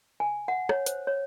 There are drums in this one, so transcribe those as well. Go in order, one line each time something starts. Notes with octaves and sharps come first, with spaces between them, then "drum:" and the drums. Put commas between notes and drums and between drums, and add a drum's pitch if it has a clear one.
G#5
F#5
C#5, drum: rim click
C5, drum: hi-hat
C#5